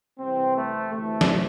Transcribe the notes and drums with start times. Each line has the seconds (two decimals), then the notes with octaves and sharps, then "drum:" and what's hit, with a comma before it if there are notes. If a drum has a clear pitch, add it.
0.18 C2 C3 E3 C4
0.54 A3
0.91 D2 C3 E3 A3
1.21 drum: snare